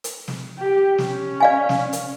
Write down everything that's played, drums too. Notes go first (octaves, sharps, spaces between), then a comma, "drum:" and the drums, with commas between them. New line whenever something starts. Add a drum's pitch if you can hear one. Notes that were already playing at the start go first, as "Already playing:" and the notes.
drum: hi-hat
drum: snare
G4
C#4, drum: snare
D5 F5 G#5
drum: snare
drum: hi-hat